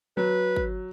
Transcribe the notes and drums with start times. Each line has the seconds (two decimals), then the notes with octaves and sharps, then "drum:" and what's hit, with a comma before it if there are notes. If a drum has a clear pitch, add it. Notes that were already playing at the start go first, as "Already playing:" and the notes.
0.17 F#3 B4
0.56 drum: kick